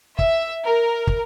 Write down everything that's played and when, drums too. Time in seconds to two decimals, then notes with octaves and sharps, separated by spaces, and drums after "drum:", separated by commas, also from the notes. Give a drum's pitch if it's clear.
0.19 E5, drum: kick
0.64 A#4
1.07 drum: kick